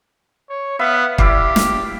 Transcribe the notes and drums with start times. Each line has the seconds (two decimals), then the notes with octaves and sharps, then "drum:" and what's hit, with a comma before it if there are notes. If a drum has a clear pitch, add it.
0.49 C#5
0.79 B3 E5 F5 B5
1.18 E4 G4 D5 F5, drum: kick
1.56 drum: snare